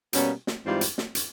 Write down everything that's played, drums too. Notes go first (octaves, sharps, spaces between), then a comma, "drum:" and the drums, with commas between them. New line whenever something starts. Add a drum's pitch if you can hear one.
B2 G3 A#3 C#4, drum: hi-hat
drum: snare
G#2 E3 G3 C4 F4
drum: hi-hat
drum: snare
drum: hi-hat